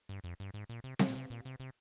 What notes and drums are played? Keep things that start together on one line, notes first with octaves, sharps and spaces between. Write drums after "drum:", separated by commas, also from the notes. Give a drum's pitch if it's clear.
G2
F2
G2
G#2
A#2
C3
D3, drum: snare C4
A#2
C3
A#2
C3
C3